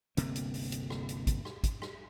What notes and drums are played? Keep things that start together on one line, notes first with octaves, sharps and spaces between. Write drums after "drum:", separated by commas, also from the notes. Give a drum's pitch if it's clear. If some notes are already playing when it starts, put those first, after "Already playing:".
G1 D2 C3 A#3, drum: hi-hat
drum: hi-hat
drum: open hi-hat
drum: hi-hat
drum: rim click
drum: hi-hat
drum: kick, hi-hat
drum: rim click
drum: kick, hi-hat
drum: rim click